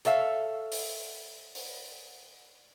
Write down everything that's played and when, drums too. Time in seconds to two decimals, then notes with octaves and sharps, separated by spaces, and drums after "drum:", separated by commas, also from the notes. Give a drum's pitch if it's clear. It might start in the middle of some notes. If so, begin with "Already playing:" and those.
0.05 A4 C#5 E5 F5, drum: hi-hat
0.72 drum: open hi-hat
1.55 drum: open hi-hat